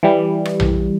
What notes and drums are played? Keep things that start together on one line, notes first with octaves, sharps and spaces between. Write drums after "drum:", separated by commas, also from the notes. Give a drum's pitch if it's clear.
E3 G3
drum: rim click
drum: tom A#1